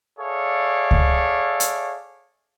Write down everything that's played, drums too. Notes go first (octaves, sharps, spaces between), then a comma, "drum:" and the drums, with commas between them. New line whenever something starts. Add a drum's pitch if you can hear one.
G#4 A4 C#5 D5 E5 F5
drum: kick C#2
drum: hi-hat